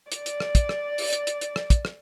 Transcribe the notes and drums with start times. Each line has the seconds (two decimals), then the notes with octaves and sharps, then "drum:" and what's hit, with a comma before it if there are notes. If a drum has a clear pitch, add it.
0.12 D5, drum: hi-hat
0.26 drum: hi-hat
0.40 drum: rim click
0.55 drum: kick, hi-hat
0.69 drum: rim click
0.98 drum: open hi-hat
1.13 drum: hi-hat
1.27 drum: hi-hat
1.41 drum: hi-hat
1.56 drum: rim click
1.70 drum: kick, hi-hat
1.85 drum: rim click